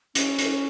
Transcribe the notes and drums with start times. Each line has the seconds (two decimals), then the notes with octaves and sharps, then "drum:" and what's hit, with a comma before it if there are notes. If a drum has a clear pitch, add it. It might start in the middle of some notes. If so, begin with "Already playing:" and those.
0.15 C#4, drum: hi-hat
0.39 drum: hi-hat